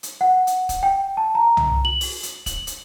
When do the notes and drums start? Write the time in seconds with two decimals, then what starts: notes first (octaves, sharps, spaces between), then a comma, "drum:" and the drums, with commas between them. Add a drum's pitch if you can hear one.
0.03 drum: hi-hat
0.21 F#5
0.47 drum: hi-hat
0.69 drum: kick, hi-hat
0.83 G5
1.17 A5
1.35 A#5
1.57 drum: tom
1.85 F#7
2.01 drum: open hi-hat
2.23 drum: hi-hat
2.46 F#7, drum: kick, hi-hat
2.67 drum: hi-hat